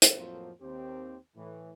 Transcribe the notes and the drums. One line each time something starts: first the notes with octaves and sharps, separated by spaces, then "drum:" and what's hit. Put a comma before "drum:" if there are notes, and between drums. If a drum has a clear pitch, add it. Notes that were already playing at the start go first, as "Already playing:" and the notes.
drum: hi-hat
F2 A2 F3 F#3 A#3 C4
D#2 C4 G4
A2 E3